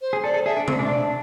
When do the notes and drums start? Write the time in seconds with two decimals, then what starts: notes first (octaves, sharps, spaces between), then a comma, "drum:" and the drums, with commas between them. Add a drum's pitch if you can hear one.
0.02 C5
0.13 G#4
0.24 A4 D5
0.34 A4
0.46 G#4 E5
0.57 D4
0.68 C4, drum: tom B2
0.79 D4
0.85 E5
0.90 D5